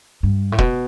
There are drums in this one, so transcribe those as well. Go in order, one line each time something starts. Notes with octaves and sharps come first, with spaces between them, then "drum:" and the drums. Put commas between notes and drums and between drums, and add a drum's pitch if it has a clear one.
G2
A2
B2, drum: kick